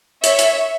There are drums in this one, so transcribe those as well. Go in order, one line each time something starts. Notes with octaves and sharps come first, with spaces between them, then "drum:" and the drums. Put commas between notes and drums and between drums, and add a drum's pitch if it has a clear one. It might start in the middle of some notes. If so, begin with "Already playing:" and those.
C#5 E5, drum: hi-hat
drum: hi-hat